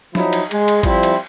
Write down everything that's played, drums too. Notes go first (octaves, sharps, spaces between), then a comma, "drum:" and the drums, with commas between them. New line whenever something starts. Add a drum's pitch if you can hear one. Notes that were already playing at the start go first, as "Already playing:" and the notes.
F3 F#3 D#4 E4, drum: snare
drum: cymbal
G#3, drum: cymbal
drum: cymbal
F3 G3 C4 E4, drum: kick G#1, cymbal
drum: cymbal